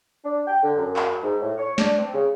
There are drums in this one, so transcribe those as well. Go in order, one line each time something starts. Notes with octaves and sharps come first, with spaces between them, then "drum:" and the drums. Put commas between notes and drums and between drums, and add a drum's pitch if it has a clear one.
D4
G5
D3
F#2
drum: clap
G#2
A2
C#5
D4, drum: snare
C4
C#3